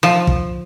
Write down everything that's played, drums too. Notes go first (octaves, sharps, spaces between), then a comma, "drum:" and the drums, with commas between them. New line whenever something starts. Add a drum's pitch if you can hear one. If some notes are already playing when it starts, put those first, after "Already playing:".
F3
drum: kick